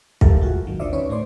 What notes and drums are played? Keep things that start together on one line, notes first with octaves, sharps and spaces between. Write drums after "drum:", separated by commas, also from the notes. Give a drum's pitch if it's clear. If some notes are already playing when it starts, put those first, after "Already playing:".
G3 G4 A4 A#4 E5 F5, drum: kick
G#3 F4 F#4 G#4
G#1 D#3 F#3
D2 D3 F4 C5 D5 E5
C#4 D#4 B4 C#5 D5
A2 A3 C5 D5 C6